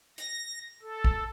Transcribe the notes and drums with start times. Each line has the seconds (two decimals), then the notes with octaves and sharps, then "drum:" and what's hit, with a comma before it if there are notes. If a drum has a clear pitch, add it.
0.18 A#6, drum: hi-hat
0.82 A4
1.04 drum: kick